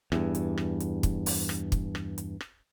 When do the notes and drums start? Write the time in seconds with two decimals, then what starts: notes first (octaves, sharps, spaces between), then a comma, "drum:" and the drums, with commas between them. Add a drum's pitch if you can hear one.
0.12 E2 G2, drum: rim click
0.35 drum: hi-hat
0.58 drum: rim click
0.80 drum: hi-hat
1.03 drum: kick, hi-hat
1.26 drum: open hi-hat
1.49 drum: rim click
1.72 drum: kick, hi-hat
1.95 drum: rim click
2.18 drum: hi-hat
2.41 drum: rim click